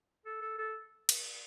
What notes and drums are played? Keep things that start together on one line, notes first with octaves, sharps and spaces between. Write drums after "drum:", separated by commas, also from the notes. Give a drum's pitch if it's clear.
A4
A4
A4
drum: cymbal